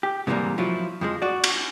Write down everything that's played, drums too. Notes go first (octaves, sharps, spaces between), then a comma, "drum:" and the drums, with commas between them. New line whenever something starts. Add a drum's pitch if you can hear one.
G4
G#2 C3 E3 F#3 G3 A#3
F3 F#3 E4 F4
F2 F3 G#3
F#4 D5
drum: cymbal